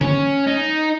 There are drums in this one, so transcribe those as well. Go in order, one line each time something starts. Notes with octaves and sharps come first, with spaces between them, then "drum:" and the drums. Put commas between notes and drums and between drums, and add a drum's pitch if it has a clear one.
C#4, drum: tom
D#4